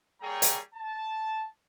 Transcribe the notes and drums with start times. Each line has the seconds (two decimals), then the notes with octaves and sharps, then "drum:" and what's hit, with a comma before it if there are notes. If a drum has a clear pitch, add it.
0.21 G3 A#3 G#4 C#5 G5 A#5
0.42 drum: hi-hat
0.75 A5